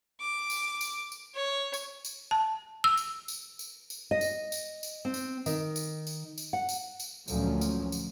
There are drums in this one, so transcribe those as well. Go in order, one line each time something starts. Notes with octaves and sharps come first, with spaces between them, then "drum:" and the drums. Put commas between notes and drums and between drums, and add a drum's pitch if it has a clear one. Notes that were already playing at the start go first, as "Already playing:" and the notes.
D6
drum: tambourine
drum: tambourine
drum: tambourine
C#5
drum: tambourine
drum: tambourine
A5
E6
drum: tambourine
drum: tambourine
drum: tambourine
drum: tambourine
D#5
drum: tambourine
drum: tambourine
drum: tambourine
C4
drum: tambourine
D#3, drum: tambourine
drum: tambourine
drum: tambourine
drum: tambourine
F#5
drum: tambourine
drum: tambourine
D2 A#2 F3 F#3 C#4, drum: tambourine
drum: tambourine
drum: tambourine